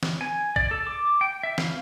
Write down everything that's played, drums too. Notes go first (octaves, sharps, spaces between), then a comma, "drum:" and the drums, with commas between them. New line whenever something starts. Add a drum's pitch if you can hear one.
drum: snare
G#5
D5, drum: kick
A4
D6
G5
E5
F5, drum: snare